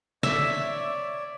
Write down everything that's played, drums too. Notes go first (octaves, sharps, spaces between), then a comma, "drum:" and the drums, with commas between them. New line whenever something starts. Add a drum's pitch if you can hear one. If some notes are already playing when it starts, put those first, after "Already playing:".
C#5 D5 E5, drum: snare